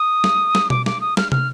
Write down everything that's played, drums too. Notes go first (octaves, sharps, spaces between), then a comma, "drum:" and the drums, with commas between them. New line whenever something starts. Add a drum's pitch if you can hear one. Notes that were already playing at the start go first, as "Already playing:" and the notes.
Already playing: D#6
drum: snare
drum: snare
D6, drum: tom B2
D6, drum: snare
D#6
F6, drum: snare
F6, drum: tom